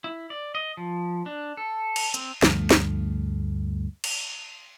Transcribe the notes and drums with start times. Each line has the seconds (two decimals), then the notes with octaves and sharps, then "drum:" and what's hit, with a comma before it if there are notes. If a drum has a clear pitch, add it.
0.04 E4
0.30 D5
0.55 D#5
0.77 F3
1.26 D4
1.57 A4
1.96 drum: cymbal
2.14 C4, drum: hi-hat
2.43 D2 G2 F3 A3, drum: snare
2.71 drum: snare
4.04 drum: cymbal